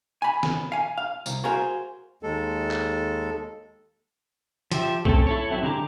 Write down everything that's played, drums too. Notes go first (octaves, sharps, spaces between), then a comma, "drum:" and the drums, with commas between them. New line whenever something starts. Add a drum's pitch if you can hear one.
G#5 B5
drum: snare
F5 G#5
F5
C2, drum: tambourine
F#4 G#4 A#4 C5 F5 G#5
D#2 G#3 A4
drum: clap
F3 G4 E5, drum: hi-hat
A3 C4 C#4 A4, drum: kick B1
E4 A4 C#5
F#3 C4 E4
D3 G#3 G4 A#5 D6